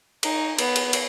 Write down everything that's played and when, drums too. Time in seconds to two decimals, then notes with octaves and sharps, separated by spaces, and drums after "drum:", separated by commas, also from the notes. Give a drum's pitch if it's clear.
0.23 D#4, drum: cymbal
0.59 B3, drum: cymbal
0.76 drum: cymbal
0.93 drum: cymbal